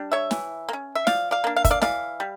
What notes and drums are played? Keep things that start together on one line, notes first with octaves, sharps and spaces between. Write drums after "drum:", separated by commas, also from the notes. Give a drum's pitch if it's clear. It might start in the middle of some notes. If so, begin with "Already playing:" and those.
Already playing: G3 D4
C#5 E5
E3, drum: snare
A#3
C#4
E5
F3 D5 F5, drum: snare
D5 F5
A#3 D4
F5
E5, drum: kick, hi-hat
D5 F5
E3 D5 F5, drum: snare
G3